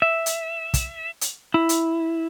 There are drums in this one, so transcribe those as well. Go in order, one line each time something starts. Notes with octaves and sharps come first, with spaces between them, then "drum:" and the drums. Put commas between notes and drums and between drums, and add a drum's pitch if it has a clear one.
E5
drum: hi-hat
drum: kick, hi-hat
drum: hi-hat
E4
drum: hi-hat